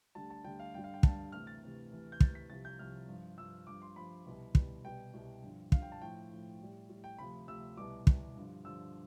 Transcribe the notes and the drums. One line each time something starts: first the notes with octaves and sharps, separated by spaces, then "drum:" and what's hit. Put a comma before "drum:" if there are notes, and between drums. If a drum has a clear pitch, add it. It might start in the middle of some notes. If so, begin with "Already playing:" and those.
D2 D3 G3 A5
A5
D2 D3 G3 G5
F5
G2 D3 G3 G5
F5
G5
G2 D3 G3 A5, drum: kick
D2 C3 E3 F6
A6
D2 C3 E3
D2 C3 E3
G6
D2 C3 E3 A6, drum: kick
B6
C2 C3 F3 A6
G6
C2 C3 F3 F6
G2 F3
G2 F3 E6
G2 F3 D6
C6
G2 F3 B5
C2 B2 G3
C2 B2 G3, drum: kick
C2 B2 G3 G5
C2 B2 G3
G2 D3 F3
G2 D3 F3 F5, drum: kick
G5
A5
A2 F3 G5
A2 F3
A2 G3
A2 G3
G5
D2 C3 F3 B5
D2 C3 F3 E6
C2 B2 G3 D6
C2 B2 G3, drum: kick
G2 D3 F3
G2 D3 F3 E6